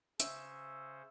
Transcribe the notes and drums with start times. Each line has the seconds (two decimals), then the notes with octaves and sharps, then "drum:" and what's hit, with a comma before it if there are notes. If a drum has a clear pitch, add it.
0.20 C#3 C#4 C5 E5, drum: hi-hat